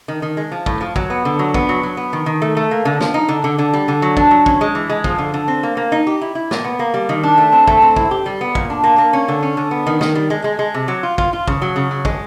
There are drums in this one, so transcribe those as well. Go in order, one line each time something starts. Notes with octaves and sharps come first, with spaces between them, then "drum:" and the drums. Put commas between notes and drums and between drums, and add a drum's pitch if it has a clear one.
D#3
D#3
G#3
F3
A2, drum: kick
F3
F#3, drum: kick
B3
D3
F#3
B3, drum: kick
F#3
F#3
B3
D#3
D#3
A3
A3
A#3
D3
F3, drum: snare
D#4
D3
D3
D3
G3
D3
F#3
D4, drum: kick
F#3
C#4, drum: kick
G#3
E3
G#3
F3, drum: kick
D3
D3
C4
A#3
A#3
D#4
G4
E4
E4
A#2, drum: snare
B3
A#3
G3
D#3
D4
A3
C4
A3, drum: kick
C4
E4, drum: kick
G4
G3
B3
A#2, drum: kick
D4
A#3
A#3
C#4
D3
C#4
D3
B3
D#3
D#3, drum: snare
G3
G#3
G#3
G#3
C3
F#3
F4
F4, drum: kick
F4
C#3, drum: kick
F#3
C#3
F#3
G#3, drum: kick